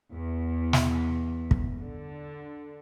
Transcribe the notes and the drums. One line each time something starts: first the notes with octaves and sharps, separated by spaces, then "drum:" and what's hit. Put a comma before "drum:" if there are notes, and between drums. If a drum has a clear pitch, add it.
E2
drum: snare
drum: kick
D3